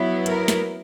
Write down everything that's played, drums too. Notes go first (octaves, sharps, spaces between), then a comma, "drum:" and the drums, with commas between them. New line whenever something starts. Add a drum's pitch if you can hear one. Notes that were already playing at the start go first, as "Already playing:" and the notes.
Already playing: F#3 B3 E4
A#4, drum: hi-hat
drum: snare